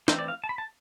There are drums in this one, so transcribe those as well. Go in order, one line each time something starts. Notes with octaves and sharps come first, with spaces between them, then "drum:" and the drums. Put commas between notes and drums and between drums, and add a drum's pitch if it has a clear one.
E3 A3 C4 C5, drum: snare
D5
F5
A5
B5
A5